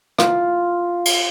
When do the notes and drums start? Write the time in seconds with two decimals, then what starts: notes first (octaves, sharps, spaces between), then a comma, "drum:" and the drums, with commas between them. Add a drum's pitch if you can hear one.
0.18 F4, drum: rim click
1.05 drum: cymbal